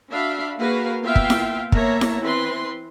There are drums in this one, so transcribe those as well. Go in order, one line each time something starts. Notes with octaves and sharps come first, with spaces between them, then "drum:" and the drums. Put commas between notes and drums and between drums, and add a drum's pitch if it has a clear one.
D4 F#4 E5 F5 B5
A#3 F#4 G#4 A#4 B4 F5
A#3 B3 F4 E5 F5 G5
drum: kick
drum: snare E4
A#3 B3 C#5 E5 A5 A#5, drum: kick
drum: snare E4
E3 C4 B4 C6